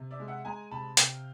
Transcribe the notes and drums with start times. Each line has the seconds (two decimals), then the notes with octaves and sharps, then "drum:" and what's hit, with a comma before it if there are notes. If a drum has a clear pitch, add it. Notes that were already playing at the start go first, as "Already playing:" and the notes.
Already playing: C3
0.11 D5 E5
0.20 G#3
0.28 E5 F#5
0.45 G#3 G#5 A#5
0.71 C3 A5 B5
0.97 C3 F5 G5, drum: hi-hat